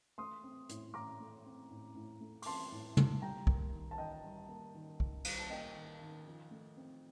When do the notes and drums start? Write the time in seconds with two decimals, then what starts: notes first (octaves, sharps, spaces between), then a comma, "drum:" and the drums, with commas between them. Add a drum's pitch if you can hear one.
0.18 A3 C6 D#6
0.43 C4
0.69 A2, drum: hi-hat
0.94 A2 A#5 D6
1.20 A3
1.45 C4
1.71 A2
1.95 A2
2.20 A3
2.42 D6, drum: open hi-hat
2.46 C4 A5 C6
2.72 A2
2.97 A2, drum: tom
3.22 G3 G5 A#5
3.47 A#3, drum: kick
3.73 D#3
3.91 A5
3.98 D#3 D#5 G5
4.24 G3
4.49 A#3
4.74 D#3
5.00 D#3, drum: kick
5.25 G3, drum: cymbal
5.39 A5
5.50 A#3 D#5 G5
5.75 D#3
6.01 D#3
6.26 F3
6.51 A3
6.77 C4